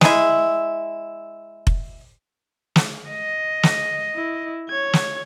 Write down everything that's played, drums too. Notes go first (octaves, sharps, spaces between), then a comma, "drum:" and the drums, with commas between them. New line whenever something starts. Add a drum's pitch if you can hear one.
G#3 E4, drum: snare
drum: kick F1
drum: snare
D#5
drum: snare
E4
C#5 G#6
drum: snare